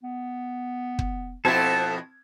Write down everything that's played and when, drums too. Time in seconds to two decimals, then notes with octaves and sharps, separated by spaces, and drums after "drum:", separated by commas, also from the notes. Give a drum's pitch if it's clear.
0.03 B3
0.99 drum: kick
1.45 F2 B2 C4 E4 A4 E5 A5 G#6